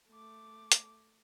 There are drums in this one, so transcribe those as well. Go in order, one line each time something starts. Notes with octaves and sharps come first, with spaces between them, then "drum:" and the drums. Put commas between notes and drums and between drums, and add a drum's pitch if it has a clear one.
A3 D6
drum: hi-hat